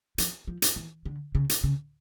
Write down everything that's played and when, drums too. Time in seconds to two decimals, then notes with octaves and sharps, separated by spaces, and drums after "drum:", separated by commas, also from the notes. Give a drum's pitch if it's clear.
0.18 F3, drum: hi-hat
0.47 F3
0.62 drum: hi-hat
0.76 E3
1.06 D3
1.35 C#3
1.49 drum: hi-hat
1.64 C#3